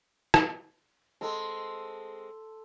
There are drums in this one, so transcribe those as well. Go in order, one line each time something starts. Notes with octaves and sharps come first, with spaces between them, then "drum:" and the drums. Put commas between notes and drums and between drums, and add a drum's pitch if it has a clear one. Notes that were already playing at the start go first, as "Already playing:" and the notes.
drum: rim click
G#3 C4 A4 C6